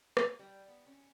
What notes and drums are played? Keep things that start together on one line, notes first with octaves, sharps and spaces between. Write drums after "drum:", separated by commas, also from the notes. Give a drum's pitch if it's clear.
A#3, drum: rim click
G3
B3
C#4